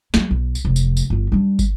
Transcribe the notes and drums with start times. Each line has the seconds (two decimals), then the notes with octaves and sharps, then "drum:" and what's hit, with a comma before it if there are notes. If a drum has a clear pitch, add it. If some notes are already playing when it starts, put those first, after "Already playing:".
0.14 F#3 G3, drum: snare
0.31 B1
0.55 drum: tambourine
0.65 F1
0.76 drum: tambourine
0.97 drum: tambourine
1.10 G1 F4
1.32 G3 D4
1.59 drum: kick, tambourine